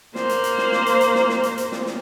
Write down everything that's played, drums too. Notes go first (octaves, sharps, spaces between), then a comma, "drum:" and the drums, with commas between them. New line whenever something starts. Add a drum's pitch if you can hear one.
A#3 C5, drum: snare
drum: hi-hat
drum: hi-hat
drum: snare
drum: snare
drum: hi-hat
drum: hi-hat
drum: snare
drum: snare
drum: hi-hat
drum: hi-hat
drum: snare
drum: snare